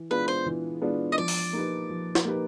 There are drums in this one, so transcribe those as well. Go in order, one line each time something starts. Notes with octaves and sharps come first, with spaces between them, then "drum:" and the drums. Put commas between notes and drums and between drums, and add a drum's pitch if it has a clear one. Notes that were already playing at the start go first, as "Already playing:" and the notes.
Already playing: E3
G#3 B3 D4 F4 B4
C5
E3
G#3 B3 D4 F4
D#5
F3 D5
drum: open hi-hat
A#3 D#4 G4 B4
F3
drum: snare
A#3 D#4 G4 B4